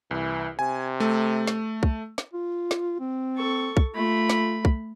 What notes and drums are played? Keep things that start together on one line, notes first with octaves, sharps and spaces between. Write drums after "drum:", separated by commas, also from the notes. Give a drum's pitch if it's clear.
C2 E3
C3 G#5
A3
drum: snare
drum: kick
drum: snare
F4
drum: snare
C4
A4 C#6
drum: kick
A3 F4 B5
drum: snare
drum: kick